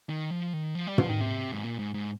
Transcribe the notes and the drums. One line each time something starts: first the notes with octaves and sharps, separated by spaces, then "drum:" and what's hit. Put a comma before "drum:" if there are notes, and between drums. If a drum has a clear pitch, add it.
D#3
F3
D#3
F3
G3
F3, drum: tom
D#3
C3
G#2
A#2
G#2
G#2